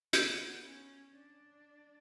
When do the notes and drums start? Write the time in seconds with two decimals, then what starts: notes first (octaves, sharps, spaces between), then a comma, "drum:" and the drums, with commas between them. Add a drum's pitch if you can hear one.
0.13 B3, drum: hi-hat
0.64 C#4
1.13 D4